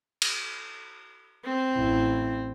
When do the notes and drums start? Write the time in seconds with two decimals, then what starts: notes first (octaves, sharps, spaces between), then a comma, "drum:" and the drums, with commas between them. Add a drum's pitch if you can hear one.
0.22 drum: cymbal
1.45 C4
1.75 A1 E4